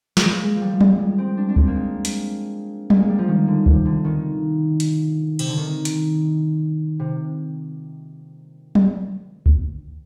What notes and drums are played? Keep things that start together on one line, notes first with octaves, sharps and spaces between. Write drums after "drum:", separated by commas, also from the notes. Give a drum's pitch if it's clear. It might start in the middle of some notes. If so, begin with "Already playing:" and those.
G#3, drum: snare
A#3
G#3
F3
G3
F3
G3, drum: tom F#3
G#3
C4
D4
D4
C4, drum: kick D2
A#3
G#3
drum: hi-hat
A#3, drum: tom F#3
G#3
G3
F3
D#3
D3
C3, drum: kick D2
D3
D#3
drum: hi-hat
C3, drum: cymbal
D3
D#3
drum: hi-hat
C3
drum: tom F#3
drum: kick D2